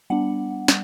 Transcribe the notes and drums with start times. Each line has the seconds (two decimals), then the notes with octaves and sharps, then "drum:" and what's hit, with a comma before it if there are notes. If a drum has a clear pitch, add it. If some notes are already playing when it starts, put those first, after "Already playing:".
0.10 G3 B3 D4 F#5
0.68 G3, drum: snare